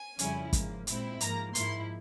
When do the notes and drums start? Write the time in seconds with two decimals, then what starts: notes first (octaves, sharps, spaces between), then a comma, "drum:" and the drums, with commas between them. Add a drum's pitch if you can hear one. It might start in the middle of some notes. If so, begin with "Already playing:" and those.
Already playing: G#5
0.19 F2 C#3 G3 C#4 E4, drum: hi-hat
0.53 G#2 F3 A#3, drum: kick, hi-hat
0.87 A#2 G#3 C4 E4, drum: hi-hat
1.21 G#2 F3 A#3 A#5, drum: hi-hat
1.55 G#2 F3 A#3 E4 C6, drum: hi-hat